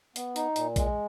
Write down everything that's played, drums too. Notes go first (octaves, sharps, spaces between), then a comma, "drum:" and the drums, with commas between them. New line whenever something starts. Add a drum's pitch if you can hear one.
B3, drum: hi-hat
D#4, drum: hi-hat
A#2, drum: hi-hat
G#3, drum: kick A#1, hi-hat